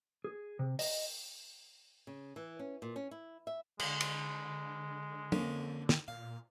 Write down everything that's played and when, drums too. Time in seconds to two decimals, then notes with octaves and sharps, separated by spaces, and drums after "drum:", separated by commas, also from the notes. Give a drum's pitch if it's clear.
0.24 G#4
0.59 C3
0.79 D#5, drum: open hi-hat
2.07 C#3
2.36 E3
2.59 C#4
2.82 A#2
2.96 C#4
3.11 E4
3.47 E5
3.79 D3 G#3, drum: cymbal
4.01 drum: cymbal
5.32 F2 A#3 C#4, drum: tom
5.89 drum: snare
6.08 A#2 F5